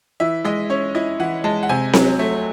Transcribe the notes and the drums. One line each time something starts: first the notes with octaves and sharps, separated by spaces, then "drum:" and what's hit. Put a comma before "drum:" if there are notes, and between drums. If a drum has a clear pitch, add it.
E3 E5
G#3 D#5
C#4 C#5
E4 D#5
E3 F#5
G#3 A5
F#5
C3 G#5
F#3, drum: snare C4
A3